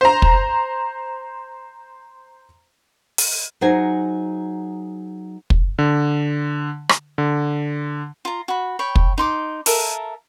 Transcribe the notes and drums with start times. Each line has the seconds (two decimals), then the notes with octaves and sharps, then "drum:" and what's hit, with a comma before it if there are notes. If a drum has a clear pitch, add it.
0.01 C5 A#5
0.22 drum: kick
3.18 drum: open hi-hat
3.61 F#3 D#4 G#4 C5 F#5 G#5
5.50 drum: kick
5.79 D3
6.89 drum: rim click
7.18 D3
8.25 F4 A#5
8.48 F#4 B5
8.79 C#5 G5 B5
8.95 drum: kick
9.18 D#4 C6 D6
9.66 A4 A#4 E5 F5, drum: open hi-hat